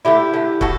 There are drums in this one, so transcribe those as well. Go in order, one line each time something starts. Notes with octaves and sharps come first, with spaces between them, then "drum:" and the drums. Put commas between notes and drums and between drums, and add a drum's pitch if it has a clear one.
D3 A3 E4 G4
D3 A3
A2 F#4 A4, drum: kick